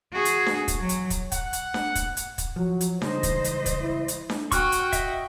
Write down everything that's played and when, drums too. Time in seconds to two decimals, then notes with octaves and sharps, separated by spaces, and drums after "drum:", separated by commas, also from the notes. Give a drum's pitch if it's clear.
0.13 F#4 G#4
0.25 drum: hi-hat
0.46 drum: snare D4
0.68 drum: kick, hi-hat
0.79 F#3
0.89 drum: hi-hat
1.10 drum: kick, hi-hat
1.32 F#5, drum: kick, hi-hat
1.53 drum: hi-hat
1.74 drum: snare D4
1.95 drum: kick, hi-hat
2.17 drum: hi-hat
2.38 drum: kick, hi-hat
2.56 F3 F#3
2.81 drum: hi-hat
3.02 C#3 E3 G3 G#3 D#4 C5 D#5, drum: snare D4
3.23 drum: kick, hi-hat
3.44 drum: hi-hat
3.66 drum: kick, hi-hat
3.81 E4
4.08 drum: hi-hat
4.30 drum: snare D4
4.52 F#4 G5 C#6 F6 F#6, drum: kick, hi-hat
4.72 drum: hi-hat
4.93 D#5 E5, drum: kick, hi-hat